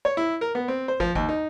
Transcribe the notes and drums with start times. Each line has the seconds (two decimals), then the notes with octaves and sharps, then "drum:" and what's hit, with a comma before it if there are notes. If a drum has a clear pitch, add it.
0.05 C#5
0.17 E4
0.41 A#4
0.55 B3
0.68 C4
0.88 C5
1.00 F3, drum: kick
1.15 D#2, drum: kick
1.29 D#4